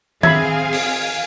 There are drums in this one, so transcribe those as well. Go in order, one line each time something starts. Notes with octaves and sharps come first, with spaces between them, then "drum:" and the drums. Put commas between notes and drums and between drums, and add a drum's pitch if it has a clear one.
C4 G#4 E5 F5 G#5 B5 G#6, drum: tom D#3
drum: open hi-hat